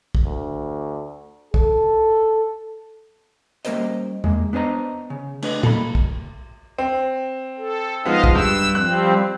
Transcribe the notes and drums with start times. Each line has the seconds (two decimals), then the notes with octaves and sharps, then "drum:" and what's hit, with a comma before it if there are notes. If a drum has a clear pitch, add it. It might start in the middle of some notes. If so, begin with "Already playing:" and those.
0.15 drum: kick A#1
0.25 D2
1.54 A4, drum: kick A#1
3.65 G3 A#3 C#4 A#4 C5 D#5, drum: hi-hat
4.24 G#3 A#3, drum: tom E2
4.53 B3 D4 C5 D#5 A#5
5.10 C#3
5.42 A3 D4 B4 D#5, drum: cymbal
5.63 A#3 A4 A5 B5, drum: tom A#2
5.95 drum: kick A#1
6.78 C4
7.58 A4
8.05 F3 G#3 B3 D#4 D#5 F5
8.24 drum: kick A#1
8.35 G2 E6
8.75 F3 G3 C4 F#6